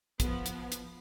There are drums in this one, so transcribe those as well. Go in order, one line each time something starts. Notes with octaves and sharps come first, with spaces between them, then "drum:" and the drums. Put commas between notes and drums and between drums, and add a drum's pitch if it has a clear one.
F3 B3, drum: kick, hi-hat
drum: hi-hat
drum: hi-hat